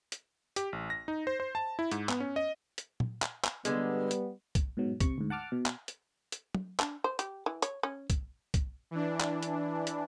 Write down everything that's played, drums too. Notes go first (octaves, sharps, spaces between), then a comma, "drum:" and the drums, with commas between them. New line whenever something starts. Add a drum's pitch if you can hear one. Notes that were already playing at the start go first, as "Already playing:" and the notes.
drum: hi-hat
G4, drum: hi-hat
A1
A#6
D#4
C5
C5
A5
E4
G#2, drum: hi-hat
B3, drum: clap
C#4
D#5
drum: hi-hat
drum: tom
drum: clap
drum: clap
D3 G3 G#3 B3, drum: hi-hat
drum: hi-hat
drum: kick, hi-hat
G#2 B2 F#3
C3 C#6, drum: kick, hi-hat
D2 G#2
F#5 A5 D6 F6
B2
drum: clap
drum: hi-hat
drum: hi-hat
drum: tom
D4, drum: clap
C5
G4, drum: hi-hat
E3
C#5, drum: hi-hat
C#4
drum: kick, hi-hat
drum: kick, hi-hat
E3 D4
drum: clap
drum: hi-hat
drum: hi-hat